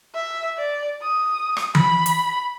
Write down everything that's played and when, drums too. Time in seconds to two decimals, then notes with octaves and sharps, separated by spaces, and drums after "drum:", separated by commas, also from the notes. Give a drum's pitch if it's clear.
0.15 E5
0.58 D5
1.02 D#6
1.57 drum: rim click
1.75 B5, drum: tom E3
2.06 drum: hi-hat